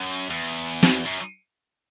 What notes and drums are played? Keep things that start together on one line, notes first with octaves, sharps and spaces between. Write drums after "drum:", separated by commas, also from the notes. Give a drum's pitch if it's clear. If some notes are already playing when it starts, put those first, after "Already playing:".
Already playing: F#2
E2
drum: snare
F#2